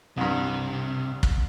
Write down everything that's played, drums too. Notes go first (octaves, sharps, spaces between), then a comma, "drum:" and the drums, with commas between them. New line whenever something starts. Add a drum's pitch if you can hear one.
C2 G2 C3
drum: kick